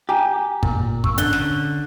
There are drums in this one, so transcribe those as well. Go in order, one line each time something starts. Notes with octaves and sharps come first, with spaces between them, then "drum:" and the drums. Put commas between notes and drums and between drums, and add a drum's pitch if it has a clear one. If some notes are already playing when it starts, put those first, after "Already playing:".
G4 G#5 A#5
A#2, drum: kick
C#6 E6, drum: kick
D3 C#4 F#6 G7, drum: hi-hat
drum: snare